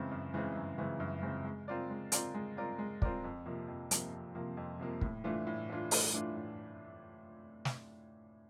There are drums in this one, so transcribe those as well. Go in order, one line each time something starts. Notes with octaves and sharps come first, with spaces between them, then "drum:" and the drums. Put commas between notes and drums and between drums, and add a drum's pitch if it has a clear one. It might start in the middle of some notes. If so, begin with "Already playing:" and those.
Already playing: F#2 C#3 E3 G#3 C4
F#2
C#3 E3 G#3 C4
F#2
C#3 E3 G#3 C4
F#2
C#3 E3 G#3 C4
G#3
C4 F4 A#4 D5
G#3
C4 F4 A#4 D5, drum: hi-hat
G#3
C4 F4 A#4 D5
G#3
C4 F4 A#4 D5, drum: kick
F2
C3 F3 A#3
F2
C3 F3 A#3, drum: hi-hat
F2
C3 F3 A#3
F2
C3 F3 A#3
A2, drum: kick
E3 A3 D4 F4
A2
E3 A3 D4 F4
A2, drum: open hi-hat
E3 A3 D4 F4
A2
drum: snare